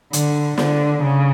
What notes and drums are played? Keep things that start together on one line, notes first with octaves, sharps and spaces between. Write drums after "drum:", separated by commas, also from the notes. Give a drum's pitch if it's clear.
D3, drum: hi-hat
D3, drum: snare
C#3